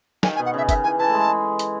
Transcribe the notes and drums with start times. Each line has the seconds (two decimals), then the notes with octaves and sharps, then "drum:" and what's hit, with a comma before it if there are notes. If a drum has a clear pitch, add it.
0.23 D#3 G#5, drum: snare
0.35 G#5
0.39 B2
0.46 F#5
0.54 C#3 E5
0.69 D#3 E5, drum: kick F#1, hi-hat
0.83 E3 G#5
0.99 E3 A5
1.08 A3
1.14 G#3
1.59 drum: hi-hat